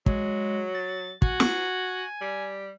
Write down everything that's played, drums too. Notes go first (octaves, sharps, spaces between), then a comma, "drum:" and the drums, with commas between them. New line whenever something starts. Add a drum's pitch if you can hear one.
F#3 G#3, drum: kick
A6
F#4 G#5, drum: kick
drum: snare
G3